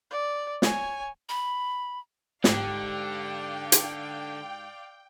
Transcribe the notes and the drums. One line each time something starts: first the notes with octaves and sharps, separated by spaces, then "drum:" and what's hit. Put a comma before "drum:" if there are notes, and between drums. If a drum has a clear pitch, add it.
D5
C#5 G#5, drum: snare
B5
G#2 D3 G4 D5 F5 G5, drum: snare
drum: hi-hat